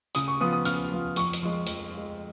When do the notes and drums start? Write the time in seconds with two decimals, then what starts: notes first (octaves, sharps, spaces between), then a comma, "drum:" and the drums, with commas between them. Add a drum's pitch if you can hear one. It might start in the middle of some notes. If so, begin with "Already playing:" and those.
0.15 C#3 D#6, drum: hi-hat
0.28 C#6
0.40 F3 B3 F4 D#6
0.53 D#6
0.65 C#3 F6, drum: hi-hat
0.91 F3 B3 F4
1.16 F2 C#6, drum: hi-hat
1.33 drum: hi-hat
1.42 F3 G#3
1.67 F2, drum: hi-hat
1.92 F3
1.98 G#3